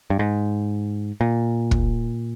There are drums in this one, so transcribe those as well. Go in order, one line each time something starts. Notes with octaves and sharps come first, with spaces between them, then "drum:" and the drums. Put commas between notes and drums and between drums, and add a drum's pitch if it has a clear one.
G2
G#2
A#2
drum: kick